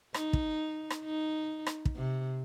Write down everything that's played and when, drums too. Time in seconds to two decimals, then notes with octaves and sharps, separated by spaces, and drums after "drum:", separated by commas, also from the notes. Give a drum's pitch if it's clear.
0.14 D#4, drum: rim click
0.33 drum: kick
0.90 drum: rim click
1.04 D#4
1.66 drum: rim click
1.86 drum: kick
1.96 C3